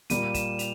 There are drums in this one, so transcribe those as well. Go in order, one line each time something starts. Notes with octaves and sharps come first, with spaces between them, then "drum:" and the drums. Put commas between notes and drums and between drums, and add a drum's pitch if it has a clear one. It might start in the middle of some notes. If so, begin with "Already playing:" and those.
A#2 G3 A#3 D#7, drum: hi-hat
E7, drum: kick, hi-hat
F7, drum: hi-hat